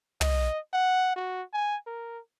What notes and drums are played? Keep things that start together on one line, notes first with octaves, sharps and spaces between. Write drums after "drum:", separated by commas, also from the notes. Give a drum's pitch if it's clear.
D#5, drum: tom
F#5
F#4
G#5
A#4